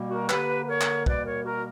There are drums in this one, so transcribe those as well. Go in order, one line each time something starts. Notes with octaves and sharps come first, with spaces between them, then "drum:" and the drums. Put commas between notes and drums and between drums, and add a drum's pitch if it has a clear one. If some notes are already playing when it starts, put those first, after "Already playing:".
Already playing: B2 G3 A#3
F#4 A#4
D3 A#3 G4 B4, drum: clap
B4
A#4 C#5
drum: clap
B2 G3 A#3 B4 D5, drum: kick
A#4 C#5
F#4 A#4